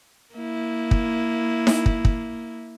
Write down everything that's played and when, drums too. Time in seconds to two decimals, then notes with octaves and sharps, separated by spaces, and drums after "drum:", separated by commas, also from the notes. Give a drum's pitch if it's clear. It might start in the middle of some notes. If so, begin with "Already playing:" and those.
0.34 A#3 E4
0.91 drum: kick
1.67 drum: snare D#4
1.86 drum: kick
2.05 drum: kick